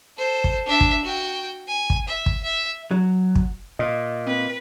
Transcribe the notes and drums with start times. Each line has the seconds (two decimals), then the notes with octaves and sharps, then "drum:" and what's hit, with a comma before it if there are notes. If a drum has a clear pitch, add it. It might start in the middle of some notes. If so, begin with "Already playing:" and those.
0.17 A4 C5
0.44 drum: kick
0.66 D4 E5
0.81 drum: kick
1.04 F#4 G5
1.68 G#5
1.90 drum: kick
2.08 E5
2.26 drum: kick
2.43 E5
2.91 F#3
3.35 drum: kick
3.79 A#2 D#5
4.27 C4 B4